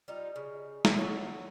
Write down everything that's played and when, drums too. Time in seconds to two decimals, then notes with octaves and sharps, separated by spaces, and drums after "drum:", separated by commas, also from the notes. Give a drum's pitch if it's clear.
0.08 G3 D#4 F4
0.36 C#3
0.85 drum: snare
0.97 E4 C#5 F#5